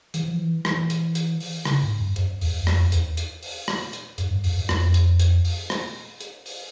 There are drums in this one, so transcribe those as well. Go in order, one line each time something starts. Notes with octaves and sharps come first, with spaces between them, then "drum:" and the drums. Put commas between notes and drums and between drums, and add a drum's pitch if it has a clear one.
E3, drum: hi-hat
F3
E3
E3, drum: rim click
drum: hi-hat
drum: hi-hat
drum: open hi-hat
C#3, drum: rim click
G#2
G2
F#2, drum: hi-hat
E2, drum: open hi-hat
F#2
F2, drum: rim click
E2, drum: hi-hat
drum: hi-hat
drum: open hi-hat
drum: rim click
drum: hi-hat
F#2, drum: hi-hat
G2
F2, drum: open hi-hat
F#2
F2, drum: rim click
drum: hi-hat
drum: hi-hat
drum: open hi-hat
drum: rim click
drum: hi-hat
drum: open hi-hat